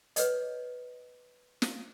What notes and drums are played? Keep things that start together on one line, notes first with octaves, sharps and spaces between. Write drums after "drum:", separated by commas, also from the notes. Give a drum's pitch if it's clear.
B4 C#5 D#5, drum: hi-hat
drum: snare